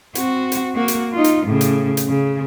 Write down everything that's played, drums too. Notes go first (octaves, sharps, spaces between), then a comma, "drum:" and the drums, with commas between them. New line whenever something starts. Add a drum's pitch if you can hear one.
C4 F#4, drum: hi-hat
drum: hi-hat
A#3 F#4
drum: hi-hat
D#4 F4
drum: hi-hat
A2 C#3
drum: hi-hat
drum: hi-hat
C#3